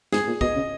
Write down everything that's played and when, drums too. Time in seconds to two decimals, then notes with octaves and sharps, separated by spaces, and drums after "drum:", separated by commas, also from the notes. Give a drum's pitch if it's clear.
0.13 G#2 G#4, drum: snare
0.27 A#2
0.41 B2 D#5, drum: kick
0.55 C#3